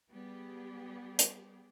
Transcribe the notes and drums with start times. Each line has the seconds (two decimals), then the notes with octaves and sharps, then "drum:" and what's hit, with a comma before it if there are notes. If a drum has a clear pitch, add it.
0.10 G3 B3 G4 G#4
1.19 drum: hi-hat